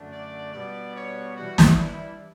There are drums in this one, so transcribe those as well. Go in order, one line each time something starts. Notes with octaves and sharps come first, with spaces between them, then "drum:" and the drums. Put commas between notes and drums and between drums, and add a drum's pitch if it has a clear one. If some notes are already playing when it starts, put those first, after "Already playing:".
Already playing: F#2 D3 A3 D4
D5
B2 G3 B3 D4 D5
C#5
E3 G3 D4 F#4
drum: snare
E4